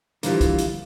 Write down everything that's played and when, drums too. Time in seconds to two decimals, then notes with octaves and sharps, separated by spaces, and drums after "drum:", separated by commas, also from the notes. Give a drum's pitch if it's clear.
0.23 D3 E3 F3 G3 A#3, drum: hi-hat
0.41 drum: kick, hi-hat
0.58 drum: hi-hat